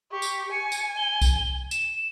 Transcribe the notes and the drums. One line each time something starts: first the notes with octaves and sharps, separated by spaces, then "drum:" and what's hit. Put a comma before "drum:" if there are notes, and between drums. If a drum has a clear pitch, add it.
G4 C#6
drum: tambourine
G#5 C#7
drum: tambourine
G7
drum: kick C2, tambourine
E7, drum: tambourine